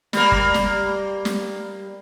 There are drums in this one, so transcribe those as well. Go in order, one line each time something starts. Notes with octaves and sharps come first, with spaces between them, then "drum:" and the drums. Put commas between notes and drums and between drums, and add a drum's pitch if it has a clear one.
G3 A#3, drum: snare
drum: kick G1
drum: snare
drum: snare